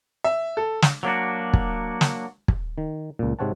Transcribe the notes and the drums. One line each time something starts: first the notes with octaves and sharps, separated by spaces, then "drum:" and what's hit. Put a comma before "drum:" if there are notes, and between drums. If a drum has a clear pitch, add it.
E5
A4
drum: snare
F#3 A#3 D4 F#4
drum: kick
drum: snare
drum: kick
D#3
C#2 A#2
G#2 C3 C4 C#5 F#5 A5